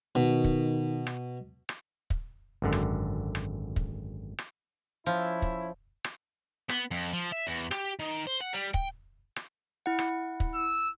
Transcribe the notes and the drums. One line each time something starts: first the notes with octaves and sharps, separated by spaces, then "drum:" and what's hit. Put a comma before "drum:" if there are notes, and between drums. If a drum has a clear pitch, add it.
B2 D#3
drum: kick
drum: rim click
drum: rim click
drum: kick
G#1 F#2 D3
drum: rim click
drum: rim click
drum: kick
drum: rim click
F3 C#4 E4
drum: kick
drum: rim click
B3, drum: rim click
F2
F3
E5
E2
G4, drum: rim click
D#3
C5
F#5
G3
G5, drum: kick
drum: rim click
E4 F#5
drum: rim click
drum: kick
E6